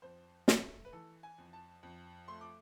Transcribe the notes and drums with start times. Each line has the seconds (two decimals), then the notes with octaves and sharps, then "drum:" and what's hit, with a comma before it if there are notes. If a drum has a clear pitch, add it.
0.02 F2 C5
0.48 A3, drum: snare
0.85 B4
0.92 E3 A4
1.23 G#5
1.38 F2
1.53 A5
1.83 F2
2.28 A3 C6
2.41 D6